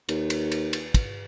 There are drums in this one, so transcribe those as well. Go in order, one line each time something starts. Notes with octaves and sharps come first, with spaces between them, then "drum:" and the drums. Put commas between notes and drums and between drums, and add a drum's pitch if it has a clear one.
D#2, drum: cymbal
drum: cymbal
drum: cymbal
drum: cymbal
drum: kick, cymbal